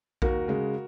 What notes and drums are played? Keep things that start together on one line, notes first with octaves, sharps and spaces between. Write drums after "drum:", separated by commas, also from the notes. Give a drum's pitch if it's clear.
D#2 F#4 A#4, drum: kick A#1
C#3 G#3